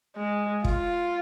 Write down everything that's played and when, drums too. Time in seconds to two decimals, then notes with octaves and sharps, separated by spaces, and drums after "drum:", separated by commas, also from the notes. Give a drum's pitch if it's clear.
0.17 G#3
0.64 F4, drum: kick